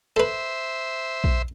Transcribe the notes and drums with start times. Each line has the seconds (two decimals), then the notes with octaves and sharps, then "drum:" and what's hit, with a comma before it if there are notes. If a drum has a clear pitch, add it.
0.16 A4 B4 C5 E5
1.24 drum: kick A#1